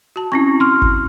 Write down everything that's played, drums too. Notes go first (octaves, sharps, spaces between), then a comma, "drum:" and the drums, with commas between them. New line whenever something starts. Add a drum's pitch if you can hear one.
F#4 A5
C4 C#4 E4 C#6
C6 F6
drum: kick G#1